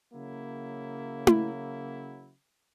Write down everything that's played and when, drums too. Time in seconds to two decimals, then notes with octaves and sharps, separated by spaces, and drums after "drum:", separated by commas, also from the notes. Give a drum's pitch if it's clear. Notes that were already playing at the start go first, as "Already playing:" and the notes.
0.14 C#3 F#3 A#3 E4
1.27 drum: tom E4